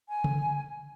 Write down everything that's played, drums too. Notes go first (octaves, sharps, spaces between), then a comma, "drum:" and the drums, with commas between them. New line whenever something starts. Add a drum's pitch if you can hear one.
G#5
drum: tom C#3